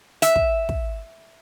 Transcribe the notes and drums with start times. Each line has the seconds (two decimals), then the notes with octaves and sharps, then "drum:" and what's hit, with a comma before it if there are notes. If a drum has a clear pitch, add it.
0.22 E5, drum: hi-hat
0.36 drum: kick
0.69 drum: kick